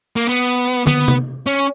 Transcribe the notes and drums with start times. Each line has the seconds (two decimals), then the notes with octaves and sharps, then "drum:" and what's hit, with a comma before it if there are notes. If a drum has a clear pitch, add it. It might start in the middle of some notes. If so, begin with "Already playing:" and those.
0.16 A#3
0.28 B3
0.87 B3, drum: tom
1.08 drum: tom C3
1.46 C#4